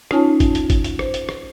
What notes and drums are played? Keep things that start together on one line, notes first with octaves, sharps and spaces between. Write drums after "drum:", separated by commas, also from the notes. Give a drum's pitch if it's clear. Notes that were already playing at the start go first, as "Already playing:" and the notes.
C#4 D#4 F4 C#5 G#5 A5, drum: rim click
drum: kick G1, hi-hat
drum: hi-hat
drum: kick G1, hi-hat
drum: hi-hat
C5, drum: rim click
drum: hi-hat
drum: rim click